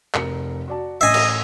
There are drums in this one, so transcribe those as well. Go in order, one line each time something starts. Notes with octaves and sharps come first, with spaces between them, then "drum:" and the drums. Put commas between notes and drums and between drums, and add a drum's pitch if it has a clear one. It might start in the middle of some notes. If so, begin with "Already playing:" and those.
F1 A#4 C#7, drum: clap
F#4 D5 A5
A1 D#5 E5 G#5 C7
drum: cymbal